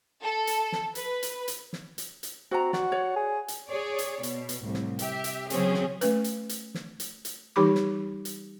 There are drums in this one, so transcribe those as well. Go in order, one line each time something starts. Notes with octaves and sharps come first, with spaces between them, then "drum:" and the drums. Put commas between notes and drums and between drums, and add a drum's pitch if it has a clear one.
A4
drum: hi-hat
drum: snare
B4, drum: hi-hat
drum: hi-hat
drum: hi-hat
drum: snare
drum: hi-hat
drum: hi-hat
C4 F#4 D5 A#5
F#4 D5, drum: snare
C#5 D5
G#4
drum: hi-hat
G#4 C#5 D5
drum: hi-hat
B2, drum: hi-hat
drum: hi-hat
C2 A2
drum: snare
G4 E5, drum: hi-hat
drum: hi-hat
C#3 F#3 C4 C#4 G#4, drum: hi-hat
drum: snare
A3 C#4 B4, drum: hi-hat
drum: hi-hat
drum: hi-hat
drum: snare
drum: hi-hat
drum: hi-hat
E3 G3 D#4 G4 B5 D6
drum: snare
drum: hi-hat